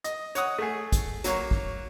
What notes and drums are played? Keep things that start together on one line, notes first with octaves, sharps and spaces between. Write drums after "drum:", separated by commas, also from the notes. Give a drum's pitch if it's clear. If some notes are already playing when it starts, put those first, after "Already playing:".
D#5, drum: hi-hat
C#5 F#5 D#6, drum: hi-hat
A3 G#4
drum: kick, hi-hat
F#3 A#3 C#5, drum: hi-hat
drum: kick